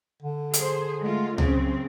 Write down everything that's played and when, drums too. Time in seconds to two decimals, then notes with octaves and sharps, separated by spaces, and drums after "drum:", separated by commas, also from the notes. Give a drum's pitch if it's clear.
0.22 D3
0.54 G#4 C5, drum: hi-hat
1.00 G#3 A3 F4
1.38 F#2 C#3 C4, drum: tom C#2